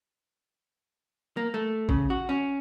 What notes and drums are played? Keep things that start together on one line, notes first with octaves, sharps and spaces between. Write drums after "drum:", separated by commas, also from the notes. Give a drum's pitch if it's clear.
A#3
A3
C#3, drum: kick A1
F#4
C#4